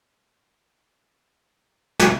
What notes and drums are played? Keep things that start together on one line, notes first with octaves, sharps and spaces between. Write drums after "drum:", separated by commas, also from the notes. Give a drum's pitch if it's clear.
C#3 C#6
F3 C6
G#3
G3
drum: snare